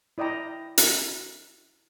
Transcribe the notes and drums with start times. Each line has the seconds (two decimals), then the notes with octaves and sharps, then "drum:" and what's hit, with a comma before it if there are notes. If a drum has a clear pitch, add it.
0.18 E4 D5 D#5 G5 A#5
0.78 drum: hi-hat